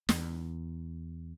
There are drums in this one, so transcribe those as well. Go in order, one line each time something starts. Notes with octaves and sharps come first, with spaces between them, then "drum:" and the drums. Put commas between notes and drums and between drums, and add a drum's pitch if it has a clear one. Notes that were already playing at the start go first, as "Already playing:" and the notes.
E2, drum: snare